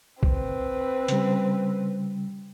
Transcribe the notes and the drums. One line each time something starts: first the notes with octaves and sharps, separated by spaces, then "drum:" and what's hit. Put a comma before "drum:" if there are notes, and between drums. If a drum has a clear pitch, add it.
C4 B4, drum: kick B1
C#3 G3, drum: hi-hat